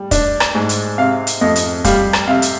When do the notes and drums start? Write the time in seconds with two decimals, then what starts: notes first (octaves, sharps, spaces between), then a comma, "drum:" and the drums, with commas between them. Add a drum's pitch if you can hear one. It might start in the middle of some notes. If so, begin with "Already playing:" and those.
Already playing: G3
0.11 D4, drum: kick, hi-hat
0.40 drum: rim click
0.55 G#2
0.69 drum: hi-hat
0.98 C3 F5
1.27 drum: hi-hat
1.41 F2 D#5
1.56 drum: hi-hat
1.84 G3 F5, drum: kick, hi-hat
2.13 drum: rim click
2.28 C3 F5
2.42 drum: hi-hat